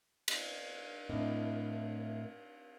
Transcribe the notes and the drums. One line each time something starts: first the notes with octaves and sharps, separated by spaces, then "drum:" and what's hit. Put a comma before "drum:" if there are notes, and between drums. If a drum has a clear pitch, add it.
drum: cymbal
A2 C4 D4 E4 A#4 D#5